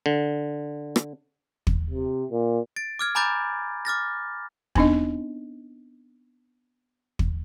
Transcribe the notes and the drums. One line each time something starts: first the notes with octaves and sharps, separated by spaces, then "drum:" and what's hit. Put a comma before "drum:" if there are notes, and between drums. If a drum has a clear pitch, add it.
D3
drum: rim click
drum: kick
C3
A#2
A6 D7
D6 F6 G#6
G#5 A#5 B5 D6 G6 A6
D6 F6 A6 A#6
B3 C4 D4 D#4 D#5, drum: kick
drum: kick